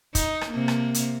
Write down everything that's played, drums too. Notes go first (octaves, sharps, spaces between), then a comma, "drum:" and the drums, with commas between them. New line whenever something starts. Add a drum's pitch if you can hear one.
D#4, drum: kick, hi-hat
drum: rim click
C3 A#3
drum: rim click
drum: hi-hat